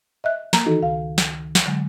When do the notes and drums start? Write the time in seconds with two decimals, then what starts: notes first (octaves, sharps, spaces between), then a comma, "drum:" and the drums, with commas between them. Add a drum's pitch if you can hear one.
0.24 D#5 E5 F#6
0.53 A#3 A#5, drum: snare
0.66 D#3 E3 D#4 F#4 A4
0.83 C#2 D#3 F5
1.18 drum: snare
1.55 drum: snare
1.66 D3 F#3 G#3